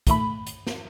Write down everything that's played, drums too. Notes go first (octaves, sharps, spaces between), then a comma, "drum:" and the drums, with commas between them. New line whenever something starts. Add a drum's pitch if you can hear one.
A#2 D#3 A3 B5, drum: kick, hi-hat
drum: hi-hat
drum: snare